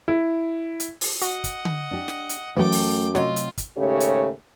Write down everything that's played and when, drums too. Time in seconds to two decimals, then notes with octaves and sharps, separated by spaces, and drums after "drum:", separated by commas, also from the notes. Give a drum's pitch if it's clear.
0.08 E4
0.80 drum: hi-hat
1.01 drum: open hi-hat
1.22 F#4 D#5 F#5, drum: hi-hat
1.44 drum: kick, hi-hat
1.65 drum: tom D3
1.91 D4 G4
2.08 drum: snare
2.29 drum: hi-hat
2.57 F#2 E3 F#3 A3 G4 A4 G5 D6
2.72 drum: open hi-hat
3.15 C3 F#3 C4 F4 C#5 D#5, drum: snare
3.36 drum: hi-hat
3.58 drum: kick, hi-hat
3.77 D#2 G#2 C#3 A3 G4 C#5
4.00 drum: hi-hat